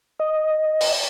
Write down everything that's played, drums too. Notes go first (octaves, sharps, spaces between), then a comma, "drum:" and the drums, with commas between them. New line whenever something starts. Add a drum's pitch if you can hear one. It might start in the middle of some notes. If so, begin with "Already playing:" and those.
D#5
drum: open hi-hat